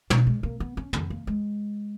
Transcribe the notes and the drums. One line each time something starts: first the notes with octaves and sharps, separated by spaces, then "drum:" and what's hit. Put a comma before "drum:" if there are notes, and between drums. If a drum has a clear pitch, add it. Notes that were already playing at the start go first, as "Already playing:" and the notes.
B2, drum: tom
G#3
A#3
B3
C#4
C#4, drum: tom
A#3
G#3